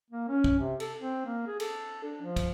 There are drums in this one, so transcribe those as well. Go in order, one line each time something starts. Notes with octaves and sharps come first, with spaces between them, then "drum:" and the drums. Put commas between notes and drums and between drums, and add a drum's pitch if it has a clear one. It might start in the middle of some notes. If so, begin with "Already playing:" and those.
A#3
C#4
drum: kick
C3
A4, drum: cymbal
C4
A#3
G#4
A4, drum: cymbal
D4
F3
drum: kick, cymbal